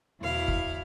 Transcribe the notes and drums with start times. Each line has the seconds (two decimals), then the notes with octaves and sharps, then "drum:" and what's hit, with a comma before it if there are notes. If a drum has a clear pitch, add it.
0.20 E2 B2 E4 F5
0.48 drum: kick